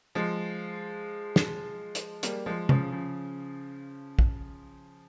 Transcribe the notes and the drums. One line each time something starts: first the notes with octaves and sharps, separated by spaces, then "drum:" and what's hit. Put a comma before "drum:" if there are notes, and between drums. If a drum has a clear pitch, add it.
F3 G#3
drum: snare
drum: hi-hat
G3 A#3, drum: hi-hat
F3 G#3
C#3 F3, drum: tom C3
C#3 F3
drum: kick